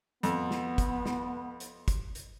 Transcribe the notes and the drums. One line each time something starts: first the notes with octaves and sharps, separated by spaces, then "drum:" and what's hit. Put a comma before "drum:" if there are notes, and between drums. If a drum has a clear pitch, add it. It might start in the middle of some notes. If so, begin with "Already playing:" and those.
F2 B3, drum: hi-hat
drum: snare
drum: kick, hi-hat
drum: snare
drum: hi-hat
drum: kick, hi-hat
drum: hi-hat